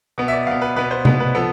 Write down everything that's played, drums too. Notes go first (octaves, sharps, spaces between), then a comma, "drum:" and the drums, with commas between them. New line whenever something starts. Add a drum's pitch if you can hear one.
B2 B3
E5
D5
B2 B3 F5
B4
B2 B3 B4
C5
B2 B3, drum: tom C3
B4
F3 B3 A4